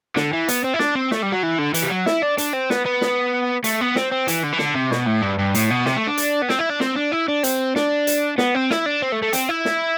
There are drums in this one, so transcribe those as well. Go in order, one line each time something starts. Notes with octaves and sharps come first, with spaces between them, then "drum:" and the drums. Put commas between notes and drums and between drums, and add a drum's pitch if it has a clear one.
D3, drum: snare
E3
B3, drum: hi-hat
C4
E4
D4, drum: snare
C4
A3, drum: snare
G3
F#3
E3
D3
E3, drum: hi-hat
G3
F#3
E4, drum: snare
D4
D4, drum: hi-hat
C4
B3, drum: snare
B3
drum: snare
A3, drum: hi-hat
B3
C4, drum: snare
C4
E3, drum: hi-hat
D3
E3
D3, drum: snare
C3
B2, drum: snare
A2
G2
G2
A2, drum: hi-hat
B2
C3, drum: snare
A3
D4
drum: hi-hat
B3
C4, drum: snare
E4
D4
C4, drum: snare
D4
E4
D4
C4, drum: hi-hat
D4, drum: snare
drum: hi-hat
B3, drum: snare
C4
E4, drum: snare
D4
C4
A3
A3
C4, drum: hi-hat
E4
drum: snare